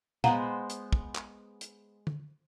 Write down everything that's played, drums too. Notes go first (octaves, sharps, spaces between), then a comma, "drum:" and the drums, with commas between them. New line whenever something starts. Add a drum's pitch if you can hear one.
G#3 B3 C5 F5 F#5 A#5, drum: tom A#2
drum: hi-hat
drum: kick
drum: clap
drum: hi-hat
drum: tom D3